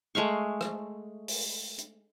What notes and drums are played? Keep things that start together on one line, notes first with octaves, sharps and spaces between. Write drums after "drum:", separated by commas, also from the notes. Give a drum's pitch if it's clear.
G#3 A3 F5 C#6
drum: rim click
drum: open hi-hat
drum: hi-hat